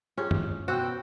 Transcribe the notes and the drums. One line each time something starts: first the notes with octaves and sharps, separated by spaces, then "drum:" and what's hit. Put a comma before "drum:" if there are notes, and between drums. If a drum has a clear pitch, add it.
C#4 F4 G4 G#4
drum: tom F#2
B2 F#4 C5 F#5 G5 E6